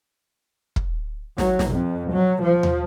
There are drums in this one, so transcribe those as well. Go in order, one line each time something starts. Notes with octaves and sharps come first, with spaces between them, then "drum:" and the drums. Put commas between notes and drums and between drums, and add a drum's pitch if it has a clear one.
drum: kick
F#3, drum: snare
drum: snare
F2
F#3
F3
drum: tom D#2